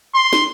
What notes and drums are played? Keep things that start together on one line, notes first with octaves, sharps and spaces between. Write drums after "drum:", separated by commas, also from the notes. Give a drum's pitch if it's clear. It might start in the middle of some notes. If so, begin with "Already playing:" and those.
C6
drum: snare